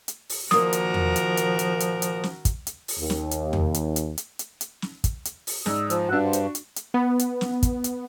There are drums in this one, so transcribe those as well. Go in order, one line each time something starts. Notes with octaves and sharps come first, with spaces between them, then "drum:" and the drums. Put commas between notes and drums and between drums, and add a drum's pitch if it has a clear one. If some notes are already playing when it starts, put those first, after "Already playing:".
drum: hi-hat
drum: open hi-hat
A#2 D#3 F3 A#3 F#4 A#4 D#6, drum: snare
drum: hi-hat
drum: tom E2
drum: hi-hat
drum: hi-hat
drum: hi-hat
drum: hi-hat
drum: hi-hat
drum: snare
drum: kick, hi-hat
drum: hi-hat
drum: open hi-hat
D#2
drum: snare
drum: hi-hat
drum: tom E2
drum: hi-hat
drum: hi-hat
drum: hi-hat
drum: hi-hat
drum: hi-hat
drum: snare
drum: kick, hi-hat
drum: hi-hat
drum: open hi-hat
G#2 D5 D#6 E6, drum: snare
F3, drum: hi-hat
G2 D4 F#4 F#5 E6 F#6
C5 F#5
drum: hi-hat
C#6
drum: hi-hat
drum: hi-hat
B3
drum: hi-hat
drum: snare
drum: kick, hi-hat
drum: hi-hat